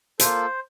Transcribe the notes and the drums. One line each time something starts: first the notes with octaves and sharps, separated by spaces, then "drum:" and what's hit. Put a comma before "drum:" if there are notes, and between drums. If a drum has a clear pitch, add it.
A#3 F4 A4 C5, drum: hi-hat